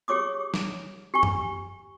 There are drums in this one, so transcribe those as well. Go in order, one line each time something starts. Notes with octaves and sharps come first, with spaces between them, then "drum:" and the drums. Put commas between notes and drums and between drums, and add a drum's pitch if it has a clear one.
G4 G#4 C#5 D6 D#6
drum: snare
G4 G#5 C#6
drum: tom F#2